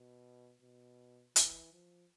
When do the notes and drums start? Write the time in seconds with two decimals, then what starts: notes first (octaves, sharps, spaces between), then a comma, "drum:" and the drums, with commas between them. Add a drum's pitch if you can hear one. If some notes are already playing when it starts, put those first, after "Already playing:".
Already playing: B2
0.62 B2
1.36 E3, drum: hi-hat
1.73 F3